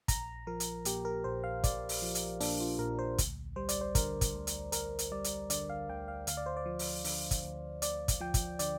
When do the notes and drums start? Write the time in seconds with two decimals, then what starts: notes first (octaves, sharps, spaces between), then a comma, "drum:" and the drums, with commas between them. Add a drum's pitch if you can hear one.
0.08 A#1 A#5, drum: kick, hi-hat
0.47 F3 A#4
0.60 drum: hi-hat
0.85 A#2 G4, drum: hi-hat
1.05 A#4
1.24 A#1 C5
1.44 F5
1.64 A#1 D5, drum: kick, hi-hat
1.89 drum: open hi-hat
2.02 F3
2.15 drum: hi-hat
2.40 A#2 D4, drum: open hi-hat
2.61 F4
2.79 A#1 A#4
2.99 C5
3.18 D2, drum: kick, hi-hat
3.56 G3 C5
3.69 D5, drum: hi-hat
3.81 C5
3.95 D3 A#4, drum: kick, hi-hat
4.21 drum: kick, hi-hat
4.35 D2
4.47 drum: hi-hat
4.72 D2 A#4, drum: hi-hat
4.99 drum: hi-hat
5.11 G3 D5
5.24 drum: hi-hat
5.50 D3 D5, drum: hi-hat
5.70 F5
5.89 D2 G5
6.08 F5
6.27 D2 F5, drum: hi-hat
6.37 D5
6.46 C5
6.57 D5
6.66 F3
6.79 drum: open hi-hat
7.04 D3, drum: open hi-hat
7.31 drum: kick, hi-hat
7.44 D2
7.82 D2 D5, drum: hi-hat
8.08 drum: kick, hi-hat
8.21 F3 G5
8.34 drum: kick, hi-hat
8.59 D3 D5, drum: hi-hat